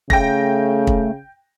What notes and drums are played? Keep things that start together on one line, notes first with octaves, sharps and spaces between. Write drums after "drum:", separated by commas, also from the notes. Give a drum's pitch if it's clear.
C#3 A3 G5 A#6, drum: kick
drum: kick